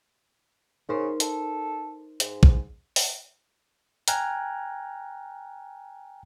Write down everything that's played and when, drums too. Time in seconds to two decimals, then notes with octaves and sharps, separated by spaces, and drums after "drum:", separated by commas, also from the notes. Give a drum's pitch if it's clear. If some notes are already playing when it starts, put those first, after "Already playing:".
0.89 C#3 D#4 A#4 C5
1.20 A4, drum: hi-hat
2.20 G#2, drum: hi-hat
2.43 drum: kick
2.96 drum: open hi-hat
4.08 G5 G#5 A#5 F6 F#6 G#6, drum: hi-hat